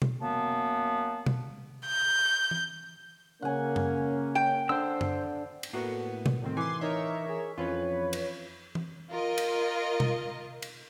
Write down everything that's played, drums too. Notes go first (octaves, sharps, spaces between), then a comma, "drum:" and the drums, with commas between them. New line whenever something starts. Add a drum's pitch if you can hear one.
drum: tom B2
F#2 A#3 B3 A5
drum: tom B2
G6
drum: tom E3
C#3 A#3 C#4 F#5 G#5
drum: tom F#2
G5
D3 C5 E6
drum: tom F#2
drum: cymbal
A2 A#3 B3 F#4
drum: tom B2
A2 D#3 C4
E3 G#5 C6 D6
D#4 A#4 C#5 E5
G#4
F2 E3 C#4 F4 B4 C#5
drum: cymbal
drum: tom E3
F4 A#4 D#5
drum: cymbal
drum: tom B2
drum: cymbal